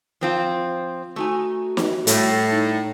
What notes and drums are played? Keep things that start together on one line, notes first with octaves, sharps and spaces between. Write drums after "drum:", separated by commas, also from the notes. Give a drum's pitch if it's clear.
F3 C4 F4
A3 D#4 F#4 G#5
drum: snare
A2 G3 A3, drum: hi-hat
D#4